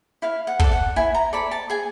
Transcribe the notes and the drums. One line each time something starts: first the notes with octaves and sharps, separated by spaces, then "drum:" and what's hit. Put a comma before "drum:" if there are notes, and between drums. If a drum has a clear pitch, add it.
E4 F5
F#5
A4 D5, drum: kick
F#5
E4 G#5
A#5
A4 D5 B5
A5
G#4 G#5